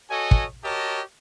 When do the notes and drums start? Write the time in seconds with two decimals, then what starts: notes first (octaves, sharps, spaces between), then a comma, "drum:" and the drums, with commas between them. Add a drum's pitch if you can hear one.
0.10 F#4 A4 C#5 D#5 G#5
0.31 drum: kick
0.64 F#4 G4 A#4 C#5 D#5 A5